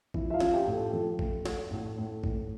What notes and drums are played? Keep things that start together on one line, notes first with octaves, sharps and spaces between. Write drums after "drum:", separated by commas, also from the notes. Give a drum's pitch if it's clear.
F3 E4 E5, drum: kick
E5
F4 F5
C#4, drum: snare
G4 G5
A2
A4
F3 A4
A3, drum: kick
A3, drum: snare
A2
A2
A2, drum: kick